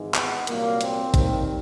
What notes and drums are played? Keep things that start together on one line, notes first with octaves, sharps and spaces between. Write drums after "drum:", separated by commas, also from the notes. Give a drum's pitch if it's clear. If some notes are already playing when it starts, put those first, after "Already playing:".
Already playing: G#1 G#2 E3 G#3
B3, drum: clap
C2 A#2 F#3 A#3, drum: hi-hat
C4, drum: hi-hat
D#2 D#3 G3, drum: kick A1, hi-hat